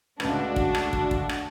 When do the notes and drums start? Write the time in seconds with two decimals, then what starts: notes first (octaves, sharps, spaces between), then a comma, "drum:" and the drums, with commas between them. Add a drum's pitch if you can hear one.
0.20 C#2 C#3 A3 D4 F#4 B4, drum: rim click
0.56 drum: kick
0.75 drum: rim click
0.93 drum: kick
1.11 drum: kick
1.29 drum: rim click